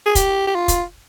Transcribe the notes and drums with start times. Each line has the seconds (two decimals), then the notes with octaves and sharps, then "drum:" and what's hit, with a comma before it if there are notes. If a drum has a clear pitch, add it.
0.06 G#4
0.15 G4, drum: kick, hi-hat
0.47 G4
0.55 F4
0.68 drum: kick, hi-hat